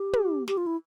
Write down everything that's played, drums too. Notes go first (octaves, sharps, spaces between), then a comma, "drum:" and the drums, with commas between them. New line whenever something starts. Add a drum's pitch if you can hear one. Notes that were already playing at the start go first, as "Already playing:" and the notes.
Already playing: G4
drum: tom
G4, drum: snare
F4
E4